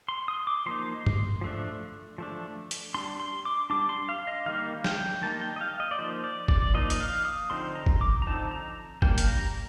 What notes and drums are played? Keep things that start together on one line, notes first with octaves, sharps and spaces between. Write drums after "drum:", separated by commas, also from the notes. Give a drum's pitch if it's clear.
C6
D#6
D6
F3 A#3 D#4 C6
drum: tom G2
F3 A3 D4
F3 A3 D4
drum: hi-hat
G3 D4 C6
C6
D6
G3 D4 D6
C6
F5
D#5
D#3 G3 A#3 D#4 F5
G5, drum: snare
D#3 G3 A#3 D#4 A5
G5
D#5
F5
D#5
D5
F3 A#3 D#4 C5
D5
D5, drum: kick
F3 A#3 D#4 D#5
D#5, drum: hi-hat
F5
D#6
D3 F3 C4 D#4 C6
A#5
drum: kick
D6
A#5
D3 F3 C4 D#4 A5
A#5
G3 A#3 D4 G5, drum: kick
drum: hi-hat
A#5